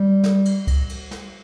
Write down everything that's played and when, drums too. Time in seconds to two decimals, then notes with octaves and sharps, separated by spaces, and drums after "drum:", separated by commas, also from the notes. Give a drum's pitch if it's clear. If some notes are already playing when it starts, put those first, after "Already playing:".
Already playing: G3
0.24 drum: snare
0.45 drum: cymbal
0.67 drum: kick C#2, cymbal
0.89 drum: cymbal
1.11 drum: snare